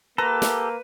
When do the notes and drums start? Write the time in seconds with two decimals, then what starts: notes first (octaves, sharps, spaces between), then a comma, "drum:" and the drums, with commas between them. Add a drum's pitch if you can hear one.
0.18 A#3 G4 A4 B4 A#5
0.42 drum: snare